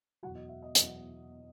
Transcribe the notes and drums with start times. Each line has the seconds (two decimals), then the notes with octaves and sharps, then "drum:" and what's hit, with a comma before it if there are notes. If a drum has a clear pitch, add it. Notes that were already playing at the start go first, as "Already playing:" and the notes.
0.23 E2 B2 F#3 F#4 F#5
0.35 D#5
0.49 E5
0.62 D#5
0.75 E2 B2 F#3 D#5, drum: hi-hat